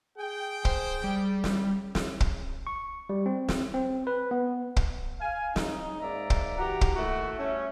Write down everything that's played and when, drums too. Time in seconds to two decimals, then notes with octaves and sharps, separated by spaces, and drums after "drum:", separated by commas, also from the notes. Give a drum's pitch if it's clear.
0.18 G#4 G5
0.65 C5, drum: kick
1.04 G3
1.44 drum: snare
1.95 drum: snare
2.21 drum: kick
2.67 C#6
3.09 G3
3.26 C4
3.49 drum: snare
3.74 C4
4.07 B4
4.31 B3
4.77 drum: kick
5.20 F5 G#5
5.56 D#4, drum: snare
6.00 G#2 A#3 D5 E5 A#5
6.30 drum: kick
6.59 E3 F#4 G4 A#5
6.81 drum: kick
6.95 A#2 D#3 A3 E4 F#4
7.39 G3 A3 C#4